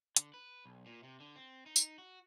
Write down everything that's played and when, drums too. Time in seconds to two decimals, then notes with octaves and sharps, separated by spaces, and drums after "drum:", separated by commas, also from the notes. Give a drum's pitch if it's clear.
0.16 D3, drum: hi-hat
0.34 B4
0.66 B1
0.86 A#2
1.03 C3
1.20 D3
1.36 C4
1.66 D#4
1.76 drum: tambourine
1.98 F#4